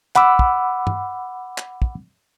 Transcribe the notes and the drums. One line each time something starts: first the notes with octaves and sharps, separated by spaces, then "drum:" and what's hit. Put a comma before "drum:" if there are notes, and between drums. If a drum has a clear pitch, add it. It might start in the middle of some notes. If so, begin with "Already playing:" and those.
F#5 B5 D6 E6, drum: clap
drum: kick
drum: tom
drum: clap
drum: kick